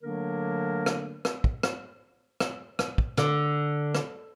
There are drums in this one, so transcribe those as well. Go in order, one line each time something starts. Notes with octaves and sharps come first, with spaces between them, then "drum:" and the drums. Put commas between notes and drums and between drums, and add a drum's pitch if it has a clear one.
D3 F#3 A3 A#3 D4 A#4
drum: rim click
drum: rim click
drum: kick
drum: rim click
drum: rim click
drum: rim click
drum: kick
D3, drum: rim click
drum: rim click